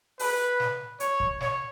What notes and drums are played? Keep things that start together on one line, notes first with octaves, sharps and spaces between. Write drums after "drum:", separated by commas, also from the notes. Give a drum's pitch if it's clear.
B4, drum: open hi-hat
drum: snare
C#5, drum: hi-hat
drum: kick
C#5, drum: snare